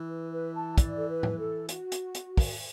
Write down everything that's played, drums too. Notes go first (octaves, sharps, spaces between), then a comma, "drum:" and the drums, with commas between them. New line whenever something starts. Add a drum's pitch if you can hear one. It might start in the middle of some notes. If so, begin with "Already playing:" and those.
Already playing: E3
B4
B4
A5
D5, drum: kick, hi-hat
A4
B4
drum: tom A2
A4
F#4, drum: hi-hat
drum: hi-hat
drum: hi-hat
drum: kick, open hi-hat